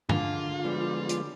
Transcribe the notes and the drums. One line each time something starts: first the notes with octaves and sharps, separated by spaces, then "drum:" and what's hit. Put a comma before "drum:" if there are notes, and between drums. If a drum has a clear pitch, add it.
D3 G#3 A#3 F4, drum: tom
A2 F3 G3 G#3 B3
drum: hi-hat